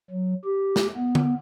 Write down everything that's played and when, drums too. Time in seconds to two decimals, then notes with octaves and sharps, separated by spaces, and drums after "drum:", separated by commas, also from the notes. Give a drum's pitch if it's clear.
0.10 F#3
0.45 G4
0.76 drum: snare
0.95 B3
1.15 drum: tom D3